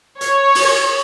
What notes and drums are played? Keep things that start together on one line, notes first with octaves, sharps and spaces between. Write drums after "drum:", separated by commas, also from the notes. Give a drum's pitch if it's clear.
C#5, drum: hi-hat
drum: open hi-hat